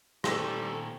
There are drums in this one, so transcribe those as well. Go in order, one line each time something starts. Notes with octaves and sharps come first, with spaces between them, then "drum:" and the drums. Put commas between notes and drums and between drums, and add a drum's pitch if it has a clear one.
A#2 D#3 G3 A3 C4 A4 G5, drum: rim click